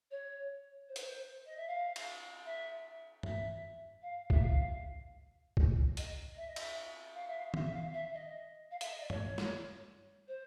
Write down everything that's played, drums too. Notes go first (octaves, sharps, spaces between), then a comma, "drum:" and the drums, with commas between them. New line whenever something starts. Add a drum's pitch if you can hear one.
C#5
C5
B4, drum: hi-hat
C5
D#5
E5
F5
drum: cymbal
E5
E5, drum: tom
F5
E5, drum: kick C2
F5
drum: kick C2
D#5, drum: hi-hat
E5
D#5
E5, drum: cymbal
F5
E5
F5
E5, drum: tom
E5
F5
E5
D#5
F5
E5, drum: hi-hat
D#5
D5
C#5, drum: tom
drum: snare
C5